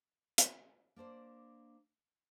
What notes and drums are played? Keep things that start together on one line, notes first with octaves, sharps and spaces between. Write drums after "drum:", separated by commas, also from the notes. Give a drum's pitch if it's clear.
drum: hi-hat
A#3 D4 C5 D5